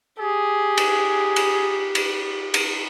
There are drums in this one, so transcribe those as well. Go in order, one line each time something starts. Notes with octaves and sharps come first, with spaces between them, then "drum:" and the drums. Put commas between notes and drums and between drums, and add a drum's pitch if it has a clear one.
G4 G#4
drum: cymbal
drum: cymbal
drum: cymbal
drum: cymbal